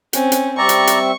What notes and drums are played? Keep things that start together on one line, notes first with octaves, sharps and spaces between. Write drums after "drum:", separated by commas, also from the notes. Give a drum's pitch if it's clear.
C4 C#4, drum: hi-hat
drum: hi-hat
G3 C4 D5 E5 A#5 C#6
drum: hi-hat
drum: hi-hat